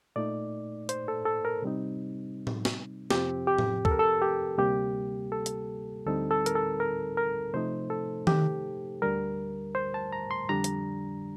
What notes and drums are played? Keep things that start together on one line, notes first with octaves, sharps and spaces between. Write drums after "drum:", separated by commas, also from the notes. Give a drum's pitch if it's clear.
A#2 A3 D#4 D5
C5, drum: hi-hat
A4
A4
A#4
C3 G3 C4 D#4
drum: tom A2
drum: snare
F2 C3 F3 C4 G4, drum: snare
G4
drum: tom A2
A4, drum: kick
A#4
A4
G4
D2 C3 G3 A#3 G4
A4
drum: hi-hat
D2 D3 G3 C4 D#4 A4
A4
A#4, drum: hi-hat
A4
A#4
A#4
C3 F3 A3 D#4 C5
A4
G4, drum: tom D#3
D2 D3 G3 A#4
C5
A5
A#5
C6
F2 D3 G3 D4 A#5
drum: hi-hat